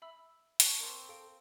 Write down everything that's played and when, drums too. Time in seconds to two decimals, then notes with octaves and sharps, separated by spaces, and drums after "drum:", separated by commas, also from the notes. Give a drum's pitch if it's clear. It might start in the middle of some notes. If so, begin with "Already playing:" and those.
0.02 E5 B5 E6
0.60 A5 C#6, drum: hi-hat
0.80 A#3 C4
1.09 A4 F5 D7